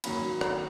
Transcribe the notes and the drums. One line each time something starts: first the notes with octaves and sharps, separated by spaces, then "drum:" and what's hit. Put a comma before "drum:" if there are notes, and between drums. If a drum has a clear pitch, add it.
F#2 D#3 F#3 A#3 C#4 B5, drum: cymbal
A#5, drum: rim click